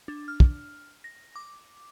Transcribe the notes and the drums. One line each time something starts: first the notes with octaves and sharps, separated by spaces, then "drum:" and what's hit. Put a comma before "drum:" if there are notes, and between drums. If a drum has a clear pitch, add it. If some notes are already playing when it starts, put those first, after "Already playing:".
D4
F6
drum: kick
A#6
D6